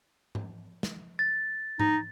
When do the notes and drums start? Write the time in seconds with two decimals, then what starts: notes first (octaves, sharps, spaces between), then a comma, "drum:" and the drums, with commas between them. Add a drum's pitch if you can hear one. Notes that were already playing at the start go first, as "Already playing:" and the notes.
0.35 drum: tom G#2
0.83 drum: snare
1.19 A6
1.80 D#4, drum: tom G#2